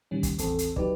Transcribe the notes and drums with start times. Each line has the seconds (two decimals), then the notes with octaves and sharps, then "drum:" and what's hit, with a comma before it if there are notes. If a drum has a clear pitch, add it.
0.11 A#2 D#3 G3 C#4
0.23 drum: kick, hi-hat
0.38 A1 E2 C4 A4, drum: hi-hat
0.59 drum: hi-hat
0.76 F#3 D#4 G4 B4 D5, drum: kick